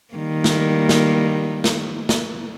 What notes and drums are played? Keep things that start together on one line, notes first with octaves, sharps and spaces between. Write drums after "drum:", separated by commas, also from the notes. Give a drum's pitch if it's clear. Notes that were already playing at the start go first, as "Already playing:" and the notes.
D#3 G3 A#3
drum: snare
drum: snare
drum: snare
drum: snare